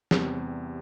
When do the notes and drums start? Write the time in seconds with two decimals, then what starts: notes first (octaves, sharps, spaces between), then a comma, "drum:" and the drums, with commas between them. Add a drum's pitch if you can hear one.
0.11 E2 C3 G3 C4, drum: snare